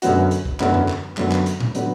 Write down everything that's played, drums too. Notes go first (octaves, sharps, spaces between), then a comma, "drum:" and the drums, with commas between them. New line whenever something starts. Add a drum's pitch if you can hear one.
F#2 D3 F#3 B3 F#4, drum: hi-hat
drum: hi-hat
drum: kick C2
F#2 D3 F#3 B3 F#4, drum: clap
drum: tom E2
drum: clap
F#2 D3 F#3 B3 F#4, drum: clap
drum: clap
drum: hi-hat
drum: tom A2
D3 F#3 B3 F#4, drum: hi-hat